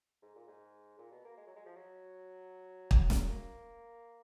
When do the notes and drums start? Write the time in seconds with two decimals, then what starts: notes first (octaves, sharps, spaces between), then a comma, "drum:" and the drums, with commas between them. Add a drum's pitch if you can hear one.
0.22 G#2
0.35 A#2
0.48 G#2
0.98 A#2
1.12 B2
1.25 A#3
1.37 G#3
1.47 F#3
1.56 G#3
1.66 F3
1.76 F#3
2.91 drum: kick
3.10 drum: snare
3.30 A#3